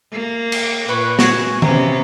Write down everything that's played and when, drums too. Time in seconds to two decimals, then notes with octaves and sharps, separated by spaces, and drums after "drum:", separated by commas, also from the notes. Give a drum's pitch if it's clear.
0.11 A#3
0.52 drum: cymbal
0.89 A#2 B4 C#5
1.19 F#4 G#4, drum: snare
1.62 C3 B3 C#4 A#5, drum: tom D#3